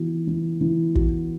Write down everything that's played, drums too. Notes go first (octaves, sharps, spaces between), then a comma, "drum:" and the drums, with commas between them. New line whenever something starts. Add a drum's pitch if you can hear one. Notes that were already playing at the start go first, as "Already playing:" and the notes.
Already playing: E3 B3 F#4
E3
E3
F#4, drum: kick